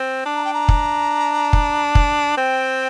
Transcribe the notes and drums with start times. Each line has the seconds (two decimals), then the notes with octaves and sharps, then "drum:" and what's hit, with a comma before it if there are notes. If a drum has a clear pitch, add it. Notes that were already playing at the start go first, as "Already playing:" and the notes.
Already playing: C4
0.26 D4
0.35 A#5
0.45 G5
0.54 A#5
0.69 drum: kick
1.53 drum: kick
1.95 drum: kick
2.37 C4 G5